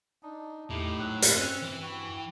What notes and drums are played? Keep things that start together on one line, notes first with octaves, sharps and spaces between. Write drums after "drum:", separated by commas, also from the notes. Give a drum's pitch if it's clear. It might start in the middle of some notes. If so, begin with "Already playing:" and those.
D4 D#4
E2 A2 D#4 E4 G4
G#2 F#3 F#6
drum: hi-hat
G2 C4 C#4 E6
E3
F#4 G5